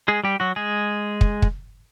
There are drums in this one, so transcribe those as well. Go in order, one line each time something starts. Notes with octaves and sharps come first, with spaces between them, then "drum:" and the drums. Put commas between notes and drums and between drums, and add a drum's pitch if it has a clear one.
G#3 G#4
G3 G4
F#3 F#4
G#3 G#4
drum: kick
drum: kick